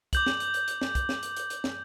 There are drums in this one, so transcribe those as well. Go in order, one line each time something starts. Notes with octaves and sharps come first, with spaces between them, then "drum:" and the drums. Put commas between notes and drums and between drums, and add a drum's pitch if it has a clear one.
D6 G6 F#7, drum: kick, hi-hat
drum: snare
drum: hi-hat
drum: hi-hat
drum: hi-hat
drum: snare
drum: kick, hi-hat
drum: snare
drum: hi-hat
drum: hi-hat
drum: hi-hat
drum: snare